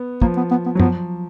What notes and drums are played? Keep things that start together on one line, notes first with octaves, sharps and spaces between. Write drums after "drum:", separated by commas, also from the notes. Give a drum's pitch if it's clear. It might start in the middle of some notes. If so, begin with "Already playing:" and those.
Already playing: B3
F3 A#3, drum: kick
B3
B3
B3
F#3
F3 B3, drum: tom